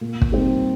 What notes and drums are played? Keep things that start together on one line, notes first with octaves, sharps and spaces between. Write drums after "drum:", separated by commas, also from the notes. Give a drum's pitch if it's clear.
A#2
drum: kick
G3 C4 D#4 G4